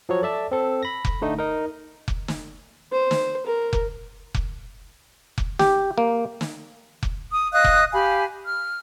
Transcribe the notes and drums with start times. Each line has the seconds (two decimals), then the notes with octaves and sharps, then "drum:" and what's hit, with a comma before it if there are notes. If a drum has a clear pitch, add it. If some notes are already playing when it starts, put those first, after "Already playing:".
0.09 F3 F#3 C#5
0.22 A4 D5 E5 A5
0.51 C4 A4
0.83 B5 A#6
1.05 drum: kick F1
1.22 D3 A3 D#4
1.38 D#4 A#4
2.08 drum: kick F1
2.28 drum: snare
2.92 C5
3.11 drum: snare
3.46 A#4
3.73 drum: kick F1
4.34 drum: kick F1
5.38 drum: kick F1
5.59 G4, drum: snare
5.98 A#3
6.41 drum: snare
7.03 drum: kick F1
7.29 D#6
7.52 D#5 F5 D#6 F#6
7.64 drum: kick F1
7.93 G4 F5 G#5 B5
8.44 F6